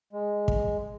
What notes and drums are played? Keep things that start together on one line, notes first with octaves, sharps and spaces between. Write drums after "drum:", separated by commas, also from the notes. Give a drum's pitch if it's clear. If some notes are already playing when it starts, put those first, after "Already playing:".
G#3
drum: kick